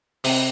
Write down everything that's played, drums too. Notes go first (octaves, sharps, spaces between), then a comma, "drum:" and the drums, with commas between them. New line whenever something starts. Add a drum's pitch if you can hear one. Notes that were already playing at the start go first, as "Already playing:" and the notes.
C3, drum: open hi-hat